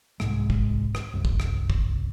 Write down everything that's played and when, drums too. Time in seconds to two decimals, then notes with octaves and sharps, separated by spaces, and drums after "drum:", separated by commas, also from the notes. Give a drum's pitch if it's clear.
0.20 C2 G#2 G#3, drum: rim click
0.50 drum: kick
0.95 drum: rim click
1.13 C2 F#2
1.25 drum: kick
1.40 drum: rim click
1.70 drum: kick